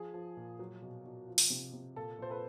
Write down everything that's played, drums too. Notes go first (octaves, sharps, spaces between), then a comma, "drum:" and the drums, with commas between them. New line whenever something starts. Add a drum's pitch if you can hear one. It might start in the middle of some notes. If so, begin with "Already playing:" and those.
Already playing: F3 G#4
F3
A#2
F#3
B2
B2
F3
drum: open hi-hat
C3
C3
A#2 A4
A#2 C5
A4 B4